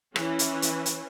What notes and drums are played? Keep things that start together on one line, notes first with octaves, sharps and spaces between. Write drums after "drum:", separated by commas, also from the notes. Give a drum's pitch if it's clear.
E3 C#4, drum: rim click
drum: hi-hat
drum: hi-hat
drum: hi-hat